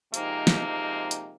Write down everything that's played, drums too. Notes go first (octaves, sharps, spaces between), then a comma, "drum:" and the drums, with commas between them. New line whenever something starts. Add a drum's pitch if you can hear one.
C3 F3 G#3 A#3 C4 D#4, drum: hi-hat
drum: snare
drum: hi-hat